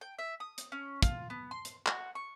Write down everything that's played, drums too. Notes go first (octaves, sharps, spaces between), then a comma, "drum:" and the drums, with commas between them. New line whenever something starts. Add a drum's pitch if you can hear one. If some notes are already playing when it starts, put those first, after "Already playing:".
G5
E5
D#6
drum: hi-hat
C#4
F4, drum: kick, hi-hat
B3
C6
drum: hi-hat
F#4, drum: clap
C#6